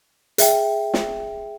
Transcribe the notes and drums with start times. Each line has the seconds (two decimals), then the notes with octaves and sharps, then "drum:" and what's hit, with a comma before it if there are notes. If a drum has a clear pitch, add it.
0.38 G#4 E5 G5, drum: hi-hat
0.94 drum: snare